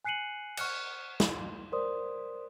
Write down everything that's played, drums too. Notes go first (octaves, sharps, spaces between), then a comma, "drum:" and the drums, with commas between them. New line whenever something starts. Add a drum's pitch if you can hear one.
G#5 F#6 C7 C#7 D#7 F#7
C#6 F6 F#6 C#7, drum: cymbal
drum: snare
C6
A#4 C5 D5 C6 D#6